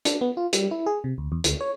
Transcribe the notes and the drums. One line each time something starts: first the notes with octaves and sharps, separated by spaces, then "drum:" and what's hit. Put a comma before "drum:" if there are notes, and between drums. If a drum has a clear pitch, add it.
D4, drum: hi-hat
B3
F4
G3, drum: hi-hat
E4
G#4
C3
D2
E2
D2, drum: hi-hat
C#5